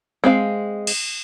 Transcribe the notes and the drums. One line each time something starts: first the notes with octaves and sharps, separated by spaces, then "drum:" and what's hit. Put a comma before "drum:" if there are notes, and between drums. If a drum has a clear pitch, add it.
G#3 C4 F5
drum: cymbal